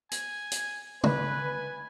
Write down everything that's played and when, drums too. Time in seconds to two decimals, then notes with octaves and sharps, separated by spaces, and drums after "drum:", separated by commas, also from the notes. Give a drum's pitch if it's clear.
0.11 G#5, drum: hi-hat
0.51 drum: hi-hat
1.04 B4 G#5, drum: tom